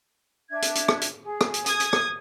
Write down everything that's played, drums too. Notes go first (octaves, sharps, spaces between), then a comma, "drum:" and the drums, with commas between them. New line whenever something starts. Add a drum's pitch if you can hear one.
D4 E5 G#6
drum: hi-hat
drum: hi-hat
drum: rim click
drum: hi-hat
G#4
drum: rim click
drum: hi-hat
D#6 G#6, drum: hi-hat
drum: hi-hat
drum: rim click